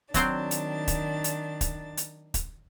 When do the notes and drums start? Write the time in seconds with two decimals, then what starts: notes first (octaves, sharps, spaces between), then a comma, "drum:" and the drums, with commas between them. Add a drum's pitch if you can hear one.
0.14 D#3 F#3 C4 D4 C5 A6, drum: kick, hi-hat
0.51 drum: hi-hat
0.88 drum: kick, hi-hat
1.24 drum: hi-hat
1.61 drum: kick, hi-hat
1.97 drum: hi-hat
2.34 drum: kick, hi-hat